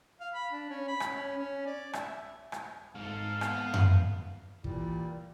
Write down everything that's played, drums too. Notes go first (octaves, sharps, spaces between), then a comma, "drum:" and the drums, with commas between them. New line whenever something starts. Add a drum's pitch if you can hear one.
F5
B5
D4
C#4
B5
drum: rim click
C#4
C#4
D5
E5, drum: rim click
drum: rim click
G#1 G#2 A4 F5
B3, drum: rim click
drum: tom F#2
A#2 E3 G3, drum: kick